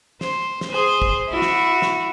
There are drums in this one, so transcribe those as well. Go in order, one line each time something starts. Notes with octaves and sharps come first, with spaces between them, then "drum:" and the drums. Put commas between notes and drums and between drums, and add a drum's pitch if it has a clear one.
C5, drum: snare
drum: snare
G#4 C5
drum: kick
E4 F#4
drum: snare
drum: snare